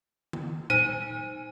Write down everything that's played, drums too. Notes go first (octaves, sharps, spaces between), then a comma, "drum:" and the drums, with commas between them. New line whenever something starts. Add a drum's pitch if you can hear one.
drum: tom
D#4 C5 G#5 D#7, drum: tom A#2